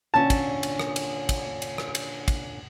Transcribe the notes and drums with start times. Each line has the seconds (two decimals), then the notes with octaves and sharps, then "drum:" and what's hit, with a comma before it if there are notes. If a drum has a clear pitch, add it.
0.14 A#2 D3 C#4 A5
0.30 drum: kick, cymbal
0.63 drum: cymbal
0.79 drum: rim click
0.96 drum: cymbal
1.29 drum: kick, cymbal
1.62 drum: cymbal
1.78 drum: rim click
1.95 drum: cymbal
2.28 drum: kick, cymbal